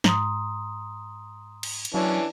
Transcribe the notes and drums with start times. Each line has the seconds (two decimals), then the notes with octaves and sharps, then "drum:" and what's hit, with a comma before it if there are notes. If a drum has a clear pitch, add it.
0.04 G#2 A#5 C6 D#6, drum: snare
1.63 drum: cymbal
1.85 drum: hi-hat
1.94 E3 F#3 C#4 D4